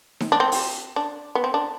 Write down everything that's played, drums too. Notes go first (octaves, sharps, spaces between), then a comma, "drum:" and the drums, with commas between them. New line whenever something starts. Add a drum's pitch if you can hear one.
drum: snare D#4
D4
C4
drum: open hi-hat
D4
B3
C4
D4